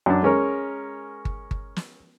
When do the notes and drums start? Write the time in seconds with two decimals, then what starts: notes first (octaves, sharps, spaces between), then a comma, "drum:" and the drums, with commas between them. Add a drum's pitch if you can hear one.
0.06 F#2 D4
0.23 G#3 C#4 A#4
1.25 drum: kick G1
1.51 drum: kick G1
1.76 drum: snare